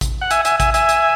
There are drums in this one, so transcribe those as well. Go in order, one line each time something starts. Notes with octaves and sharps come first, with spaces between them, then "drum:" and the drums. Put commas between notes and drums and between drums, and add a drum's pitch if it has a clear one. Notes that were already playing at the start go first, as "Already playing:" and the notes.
drum: kick A1, hi-hat
F#5
E5 G#5, drum: hi-hat
E5 G#5, drum: hi-hat
E5 G#5, drum: kick A1, hi-hat
E5 G#5, drum: hi-hat
drum: hi-hat